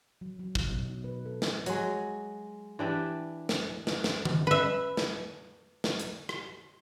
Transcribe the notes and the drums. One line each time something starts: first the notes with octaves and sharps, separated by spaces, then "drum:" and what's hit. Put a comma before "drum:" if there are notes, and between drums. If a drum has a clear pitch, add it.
F#3
F#3
D#4, drum: kick
B2
D#4
B4
A4
drum: snare
F#3 G#3, drum: hi-hat
E3 D4 G4 E5
drum: snare
drum: snare
drum: snare
drum: tom D#3
B4 E5
drum: snare
drum: snare
drum: hi-hat
drum: rim click